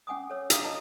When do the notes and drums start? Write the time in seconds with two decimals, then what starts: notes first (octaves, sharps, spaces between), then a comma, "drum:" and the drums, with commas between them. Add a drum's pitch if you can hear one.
0.07 C#4 F#5 G#5 D6 D#6
0.30 A4 C#5 E6
0.50 D4 F5 A#5 D6 D#6, drum: hi-hat
0.64 A4 D#5 A5 A#5